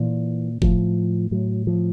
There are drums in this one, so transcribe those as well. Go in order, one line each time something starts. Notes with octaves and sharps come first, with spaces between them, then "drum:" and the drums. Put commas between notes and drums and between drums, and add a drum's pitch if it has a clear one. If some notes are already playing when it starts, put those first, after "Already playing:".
Already playing: A#2 E3
A2 F3, drum: kick F#1
A2 F#3
F3